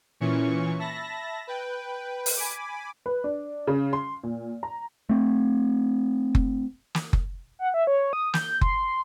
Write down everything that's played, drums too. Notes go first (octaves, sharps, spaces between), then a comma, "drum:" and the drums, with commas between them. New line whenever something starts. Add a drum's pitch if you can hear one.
A#2 E3 C#4 C#6
E5 A5 B5 A#6
B4 G5
drum: open hi-hat
G#5 B5 D6
B4
D4
C#3
C6
A#2
A#5
A3 C4
drum: kick F#1
drum: snare
drum: kick F#1
F#5
E5
C#5
D#6
G6, drum: snare
C6, drum: kick F#1